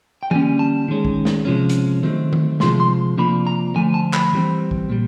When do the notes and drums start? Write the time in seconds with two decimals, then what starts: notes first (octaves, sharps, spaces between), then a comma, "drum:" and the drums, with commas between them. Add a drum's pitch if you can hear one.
0.23 G5
0.31 D3 G3 A#3 C#4 G#5, drum: tom E3
0.59 A5
0.88 D#3 G#3 C#4
1.05 drum: kick
1.25 drum: snare
1.45 C3 F3 G#3 C#4
1.69 drum: hi-hat
2.03 D#3 F#3 A3 C4
2.33 drum: tom D#3
2.60 C3 F3 G#3 C6, drum: snare
2.80 C6
3.18 C3 F3 A#3 D4 B5
3.47 A#5
3.75 D3 F3 A3 G#5
3.94 A5
4.13 B5, drum: clap
4.33 E3 G3 C4
4.71 drum: kick
4.89 A#2 G3